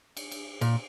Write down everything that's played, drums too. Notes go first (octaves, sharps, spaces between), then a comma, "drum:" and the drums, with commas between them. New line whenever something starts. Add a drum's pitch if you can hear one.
drum: cymbal
drum: cymbal
A#2, drum: cymbal